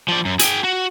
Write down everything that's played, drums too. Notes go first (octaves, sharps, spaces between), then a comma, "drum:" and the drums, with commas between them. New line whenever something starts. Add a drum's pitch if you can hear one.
F3 D5
F#2
G#4 G5, drum: hi-hat
F#4